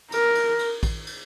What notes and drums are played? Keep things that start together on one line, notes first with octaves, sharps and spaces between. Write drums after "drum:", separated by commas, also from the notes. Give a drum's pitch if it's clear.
A#4, drum: cymbal
drum: cymbal
drum: cymbal
drum: kick, cymbal
drum: cymbal